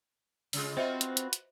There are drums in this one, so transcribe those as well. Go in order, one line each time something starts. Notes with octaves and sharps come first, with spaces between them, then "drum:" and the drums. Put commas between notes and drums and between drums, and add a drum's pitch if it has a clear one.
C#3 G#3 F4, drum: open hi-hat
B3 C4 F4 F#4 C5 D#5 E5
drum: hi-hat
drum: hi-hat
drum: hi-hat